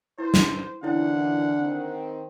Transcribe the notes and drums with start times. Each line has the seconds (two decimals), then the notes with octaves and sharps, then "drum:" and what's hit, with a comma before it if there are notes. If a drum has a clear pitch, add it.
0.18 E4 B4 C5
0.34 drum: snare
0.83 D#2 A#2 D3 E3 C#4 E4 C#5 F#5
1.59 D#3 C4